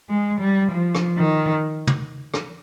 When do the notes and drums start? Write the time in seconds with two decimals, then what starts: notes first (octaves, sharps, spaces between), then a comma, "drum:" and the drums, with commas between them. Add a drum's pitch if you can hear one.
0.09 G#3
0.41 G3
0.71 F3
0.95 drum: rim click
1.17 D#3
1.87 drum: tom
2.34 drum: rim click